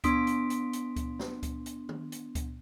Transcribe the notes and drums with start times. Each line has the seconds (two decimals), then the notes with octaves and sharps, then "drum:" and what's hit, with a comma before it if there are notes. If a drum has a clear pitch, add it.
0.04 B3 D4 C6 D#6 B6 D7, drum: kick C#2, hi-hat
0.27 drum: hi-hat
0.50 drum: hi-hat
0.73 drum: hi-hat
0.96 drum: kick C#2, hi-hat
1.20 drum: snare
1.43 drum: kick C#2, hi-hat
1.66 drum: hi-hat
1.89 drum: tom D#3
2.12 drum: hi-hat
2.35 drum: kick C#2, hi-hat